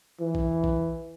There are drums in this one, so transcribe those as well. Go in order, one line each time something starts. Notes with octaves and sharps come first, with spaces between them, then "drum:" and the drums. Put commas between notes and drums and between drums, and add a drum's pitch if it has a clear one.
E3
drum: kick A#1
drum: kick A#1